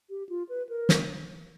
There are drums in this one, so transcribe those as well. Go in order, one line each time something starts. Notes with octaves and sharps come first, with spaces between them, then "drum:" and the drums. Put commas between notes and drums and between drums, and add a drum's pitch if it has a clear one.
G4
F4
B4
A#4
drum: snare